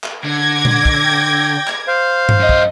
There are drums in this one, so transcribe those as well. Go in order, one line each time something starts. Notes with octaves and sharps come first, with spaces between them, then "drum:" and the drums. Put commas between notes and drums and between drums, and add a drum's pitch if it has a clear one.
drum: clap
D3 D6 G#6 A#6
drum: tom A#2
drum: kick
G5
drum: clap
C5 F5
drum: tom G2
F#2 D#5
drum: kick